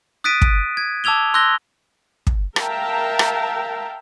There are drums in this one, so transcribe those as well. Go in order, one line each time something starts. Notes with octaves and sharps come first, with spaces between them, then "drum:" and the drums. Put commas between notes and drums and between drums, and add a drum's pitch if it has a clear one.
D#6 F#6 A6 B6 D7 D#7
drum: kick
G#6
A5 D6 E6 G#6 F7 G7
C6 E6 F#6 G6 A#6 G7
drum: kick
A#4 E5 F5 G5 A5 A#5, drum: rim click
drum: rim click